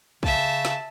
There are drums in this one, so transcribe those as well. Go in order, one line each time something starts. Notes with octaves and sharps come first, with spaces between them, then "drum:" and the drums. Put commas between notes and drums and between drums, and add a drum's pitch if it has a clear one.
C#3 E5 A5, drum: kick
drum: snare